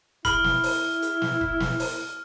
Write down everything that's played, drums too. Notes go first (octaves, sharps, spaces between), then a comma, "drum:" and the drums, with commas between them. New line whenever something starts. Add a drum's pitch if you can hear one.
E4 B5 F6, drum: kick, hi-hat
drum: snare
drum: open hi-hat
drum: hi-hat
drum: snare
drum: kick
drum: snare
drum: open hi-hat